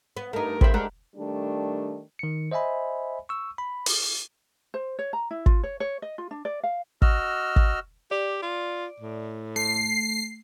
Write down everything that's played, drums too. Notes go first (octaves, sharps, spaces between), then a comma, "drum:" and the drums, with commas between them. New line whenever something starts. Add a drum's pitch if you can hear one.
B3
G2 A3 D#4 A#4
E2 G4 C5 E5 B5, drum: kick
G#3 D4 A#4 F#5
D#3 G3 A3 D4
D#3 C#7
C5 D#5 E5 G#5 B5
C#6 E6
B5
drum: open hi-hat
C5
C#5
A#5
E4
F4, drum: kick
C#5
C#5
D#5
F4
D4
D5
F5
F#4 D#5 E6 F6, drum: kick
drum: kick
G4 D5
F4
A2
A3 C7